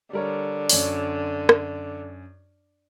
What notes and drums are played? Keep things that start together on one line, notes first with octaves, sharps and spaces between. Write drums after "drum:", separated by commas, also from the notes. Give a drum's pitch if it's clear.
D3 G3 A#4 C#5
F#2 D4 C#5, drum: open hi-hat
drum: rim click